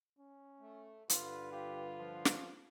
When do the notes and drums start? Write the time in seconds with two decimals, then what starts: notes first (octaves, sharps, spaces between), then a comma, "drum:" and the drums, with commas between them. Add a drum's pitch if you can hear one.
0.19 C#4
0.59 A3
1.10 G2 D3 F4 B4, drum: hi-hat
1.52 F4 G4
1.99 F3
2.25 drum: snare